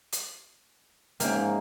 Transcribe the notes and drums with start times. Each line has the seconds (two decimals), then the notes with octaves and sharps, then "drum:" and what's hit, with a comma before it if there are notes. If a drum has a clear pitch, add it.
0.12 drum: hi-hat
1.20 G#2 A#3 C#4 E5 G5, drum: hi-hat